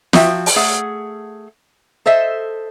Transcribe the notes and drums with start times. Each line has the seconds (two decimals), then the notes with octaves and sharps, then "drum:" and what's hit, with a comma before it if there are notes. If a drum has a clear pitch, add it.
0.13 F3 F#4 E5 G5, drum: snare
0.46 drum: open hi-hat
0.56 A3 G#4 F#5
2.06 A4 C5 D#5 E5